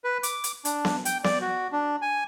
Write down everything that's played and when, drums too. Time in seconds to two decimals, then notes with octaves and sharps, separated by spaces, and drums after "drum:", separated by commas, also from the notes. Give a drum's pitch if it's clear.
0.04 B4
0.23 D6, drum: hi-hat
0.44 drum: hi-hat
0.65 D4, drum: hi-hat
0.85 drum: snare B3
1.05 G5, drum: hi-hat
1.24 D5, drum: snare B3
1.41 F#4
1.72 D4
2.02 G#5